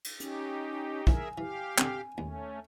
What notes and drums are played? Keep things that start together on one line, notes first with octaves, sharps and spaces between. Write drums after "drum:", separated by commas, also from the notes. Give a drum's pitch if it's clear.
drum: cymbal
C#4 D#4 G4, drum: hi-hat
F3 E4 G#4 A#4 E5 G#5, drum: kick
E3 G4 F5
D3 C4 G#5, drum: clap
D#2 A3 C#4